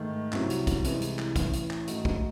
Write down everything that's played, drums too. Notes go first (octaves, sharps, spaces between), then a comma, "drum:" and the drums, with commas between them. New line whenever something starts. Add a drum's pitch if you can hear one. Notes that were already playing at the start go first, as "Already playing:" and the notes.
Already playing: G#2 D#3 A3
C2 C3 F#3, drum: clap
drum: hi-hat
drum: kick, hi-hat
C2 C3 E3 G#3, drum: hi-hat
drum: hi-hat
drum: clap
A1 A2 E3, drum: kick, hi-hat
drum: hi-hat
drum: clap
G#2 D#3 A3 D#4 F#4, drum: hi-hat
drum: kick